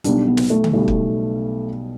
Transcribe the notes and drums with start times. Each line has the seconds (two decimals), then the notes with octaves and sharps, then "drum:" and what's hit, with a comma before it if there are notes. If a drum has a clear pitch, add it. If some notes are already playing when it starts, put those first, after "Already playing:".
0.04 B1 B2 G3 D4, drum: hi-hat
0.27 B3
0.37 drum: snare
0.50 A3
0.64 drum: tom D3
0.73 B1 B2 G3 A3
0.88 drum: kick